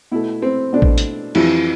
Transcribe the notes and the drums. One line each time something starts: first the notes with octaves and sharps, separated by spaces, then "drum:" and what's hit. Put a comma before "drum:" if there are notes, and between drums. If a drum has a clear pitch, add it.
B2 A3 E4
C4
B2 A3 D4
drum: kick A1
drum: hi-hat
F2 E3 G3 E4, drum: cymbal